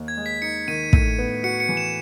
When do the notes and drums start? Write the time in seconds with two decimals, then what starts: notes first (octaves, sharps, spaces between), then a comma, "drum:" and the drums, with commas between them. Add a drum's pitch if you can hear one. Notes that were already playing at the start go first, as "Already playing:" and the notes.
Already playing: D#2
0.08 G#6
0.17 G#3
0.26 B6
0.42 D#4 C#7
0.68 D#3 D#7
0.93 A2 D#7, drum: kick
1.18 B3
1.43 F#4 C#7
1.60 C#7
1.69 E3
1.77 E7